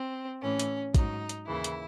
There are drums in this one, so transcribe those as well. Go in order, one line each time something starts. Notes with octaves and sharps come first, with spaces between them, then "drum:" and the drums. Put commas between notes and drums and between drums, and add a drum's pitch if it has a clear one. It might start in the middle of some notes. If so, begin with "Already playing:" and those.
Already playing: C4
A2 E3 C#4
drum: hi-hat
G#2 F#3 D#4, drum: kick, hi-hat
drum: hi-hat
D#2 C#3 E3 E4
drum: hi-hat